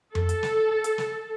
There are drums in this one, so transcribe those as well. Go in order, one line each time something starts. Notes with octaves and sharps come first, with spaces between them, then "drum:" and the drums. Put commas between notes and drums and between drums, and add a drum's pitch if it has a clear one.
A4, drum: tom F2
drum: hi-hat
drum: snare
drum: hi-hat
drum: snare